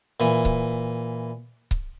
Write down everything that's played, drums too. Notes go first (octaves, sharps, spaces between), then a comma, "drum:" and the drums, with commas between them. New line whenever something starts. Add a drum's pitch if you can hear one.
A#2 E3
drum: kick C#1
drum: kick C#1